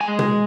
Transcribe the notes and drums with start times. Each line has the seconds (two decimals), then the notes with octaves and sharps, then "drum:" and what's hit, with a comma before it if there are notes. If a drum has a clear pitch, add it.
0.01 G#3 G#5
0.19 drum: tom B2